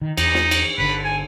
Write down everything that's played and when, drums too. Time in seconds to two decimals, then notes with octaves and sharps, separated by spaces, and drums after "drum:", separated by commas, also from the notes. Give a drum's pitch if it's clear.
0.01 D#3
0.17 E2 D#4, drum: cymbal
0.34 drum: snare
0.51 drum: cymbal
0.78 G1 D3 B4
1.04 G#5